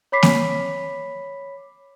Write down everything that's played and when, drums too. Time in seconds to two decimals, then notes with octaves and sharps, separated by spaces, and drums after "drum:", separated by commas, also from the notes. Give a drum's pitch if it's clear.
0.12 C#5 B5 D6 B6 C7
0.23 drum: snare A#3